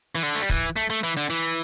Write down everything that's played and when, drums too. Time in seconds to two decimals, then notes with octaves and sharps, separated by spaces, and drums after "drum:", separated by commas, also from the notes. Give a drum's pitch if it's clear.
0.15 E3
0.23 D3
0.36 A3
0.42 G3
0.50 E3, drum: kick
0.76 A3
0.90 A3
1.03 E3
1.17 D3
1.30 E3